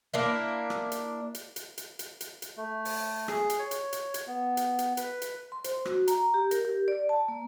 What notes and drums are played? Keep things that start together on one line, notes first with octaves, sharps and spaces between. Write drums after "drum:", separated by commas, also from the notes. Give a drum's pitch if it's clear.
A#3 D4 E4
drum: rim click
drum: hi-hat
drum: hi-hat
drum: hi-hat
drum: hi-hat
drum: hi-hat
drum: hi-hat
drum: hi-hat
A3
drum: open hi-hat
G#4, drum: rim click
drum: hi-hat
C#5
drum: hi-hat
drum: hi-hat
drum: hi-hat
B3
drum: hi-hat
drum: hi-hat
B4, drum: hi-hat
drum: hi-hat
C6
C5, drum: hi-hat
F#4, drum: rim click
A#5, drum: hi-hat
G4
A#4, drum: hi-hat
G4
D5
A5
A#3